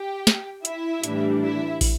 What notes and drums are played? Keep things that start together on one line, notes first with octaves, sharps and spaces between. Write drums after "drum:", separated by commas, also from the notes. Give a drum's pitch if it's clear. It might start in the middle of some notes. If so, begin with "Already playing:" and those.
Already playing: G4 G5
drum: snare
E4 E5, drum: hi-hat
A2 E3 G3 D4, drum: hi-hat
E4 E5
drum: kick, open hi-hat